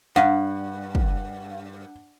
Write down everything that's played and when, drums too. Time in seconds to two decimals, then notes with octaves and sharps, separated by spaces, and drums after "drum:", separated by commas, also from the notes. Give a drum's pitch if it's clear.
0.16 G2 F#5, drum: clap
0.95 drum: kick